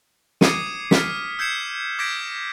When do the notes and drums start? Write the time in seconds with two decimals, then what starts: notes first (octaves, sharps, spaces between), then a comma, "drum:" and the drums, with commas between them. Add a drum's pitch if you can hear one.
0.41 D6 D#6 G#6 C7 C#7 D#7, drum: snare
0.91 F6 B6, drum: snare
1.39 E6 G6 G#6 C7 C#7 E7
1.99 D6 G6 G#6 A#6 B6 D7